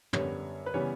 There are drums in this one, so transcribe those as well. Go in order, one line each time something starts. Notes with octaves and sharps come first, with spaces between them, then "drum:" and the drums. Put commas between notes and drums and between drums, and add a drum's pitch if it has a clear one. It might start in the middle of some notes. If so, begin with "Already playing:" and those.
F#2 D3 G3 B3 C#5, drum: tom
B4
C#3 E3 G3 B3 C#5